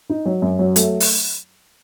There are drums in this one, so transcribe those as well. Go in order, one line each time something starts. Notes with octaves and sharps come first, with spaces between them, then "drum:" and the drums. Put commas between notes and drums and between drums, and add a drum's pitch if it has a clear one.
D#4
F#3
F#2
F#3
A3, drum: hi-hat
drum: open hi-hat